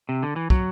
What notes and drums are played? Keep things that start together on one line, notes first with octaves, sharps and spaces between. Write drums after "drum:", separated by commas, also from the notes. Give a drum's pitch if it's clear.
C3
D3
E3
F#3, drum: kick